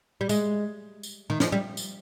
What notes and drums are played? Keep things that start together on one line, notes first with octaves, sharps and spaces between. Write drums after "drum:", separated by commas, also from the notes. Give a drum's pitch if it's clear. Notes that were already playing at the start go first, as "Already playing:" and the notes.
G3
G#3, drum: tambourine
drum: tambourine
D#3
F3, drum: snare
G3
drum: tambourine